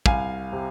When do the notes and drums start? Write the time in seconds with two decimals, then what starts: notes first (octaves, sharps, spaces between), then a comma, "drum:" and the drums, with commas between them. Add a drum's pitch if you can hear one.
0.06 C2 F5 G#5, drum: kick
0.52 C3